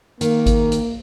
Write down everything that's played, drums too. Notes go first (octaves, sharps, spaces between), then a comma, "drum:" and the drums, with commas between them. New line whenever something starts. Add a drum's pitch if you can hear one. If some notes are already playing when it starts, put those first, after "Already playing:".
D#3 A#3, drum: hi-hat
drum: kick G#1, hi-hat
drum: hi-hat